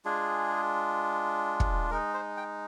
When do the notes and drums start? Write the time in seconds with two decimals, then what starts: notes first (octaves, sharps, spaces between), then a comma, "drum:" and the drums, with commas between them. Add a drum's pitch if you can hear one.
0.05 G#3 D4 F4 G#4
1.60 drum: kick
1.91 G#3 D#4 A#4
2.14 C5
2.37 G5